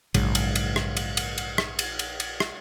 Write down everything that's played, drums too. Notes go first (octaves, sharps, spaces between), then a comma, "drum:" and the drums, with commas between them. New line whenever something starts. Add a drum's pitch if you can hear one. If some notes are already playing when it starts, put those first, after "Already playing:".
A#1 G#2 C#3 F#3, drum: cymbal
drum: cymbal
drum: cymbal
drum: rim click
drum: cymbal
drum: cymbal
drum: cymbal
drum: rim click
drum: cymbal
drum: cymbal
drum: cymbal
drum: rim click